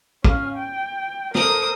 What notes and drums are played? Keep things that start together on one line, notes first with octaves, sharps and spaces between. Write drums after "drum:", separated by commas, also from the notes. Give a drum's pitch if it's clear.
C#4 F5, drum: kick
G5
A4 A#4 C5 D#6, drum: snare